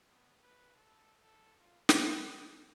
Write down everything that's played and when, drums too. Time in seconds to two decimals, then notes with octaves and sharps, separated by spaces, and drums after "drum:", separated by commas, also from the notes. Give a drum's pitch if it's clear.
0.11 B3
0.42 B4
0.77 A4
1.24 A4
1.60 F4
1.89 B5, drum: snare
2.30 G4